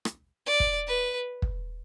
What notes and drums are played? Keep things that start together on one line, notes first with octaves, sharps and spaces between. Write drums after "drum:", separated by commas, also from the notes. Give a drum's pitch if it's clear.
drum: rim click
D5
drum: kick
B4
drum: kick